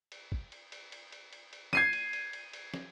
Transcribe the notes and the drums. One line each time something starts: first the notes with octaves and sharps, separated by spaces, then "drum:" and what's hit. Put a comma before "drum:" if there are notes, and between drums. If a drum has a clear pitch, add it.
drum: cymbal
drum: kick
drum: cymbal
drum: cymbal
drum: cymbal
drum: cymbal
drum: cymbal
drum: cymbal
G#6 C7 D#7, drum: snare
drum: cymbal
drum: cymbal
drum: cymbal
drum: cymbal
drum: snare